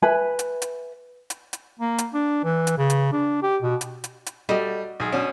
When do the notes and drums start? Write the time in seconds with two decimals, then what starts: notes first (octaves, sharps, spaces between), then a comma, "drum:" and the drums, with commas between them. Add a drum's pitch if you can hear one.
0.02 B4 E5 G#5 B5
0.39 drum: hi-hat
0.62 drum: hi-hat
1.30 drum: hi-hat
1.53 drum: hi-hat
1.80 A#3
1.98 drum: hi-hat
2.14 D4
2.44 E3
2.67 drum: hi-hat
2.78 C#3
2.90 drum: hi-hat
3.12 D4
3.43 G4
3.62 B2
3.81 drum: hi-hat
4.04 drum: hi-hat
4.26 drum: hi-hat
4.49 G3 A3 F#4 D#5
5.00 B1 G#4
5.12 B2 C#4 D4